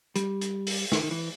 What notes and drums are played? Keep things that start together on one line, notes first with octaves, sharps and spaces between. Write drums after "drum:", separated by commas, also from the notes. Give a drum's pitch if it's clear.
G3, drum: hi-hat
drum: hi-hat
drum: open hi-hat
D#3, drum: snare
D#3
E3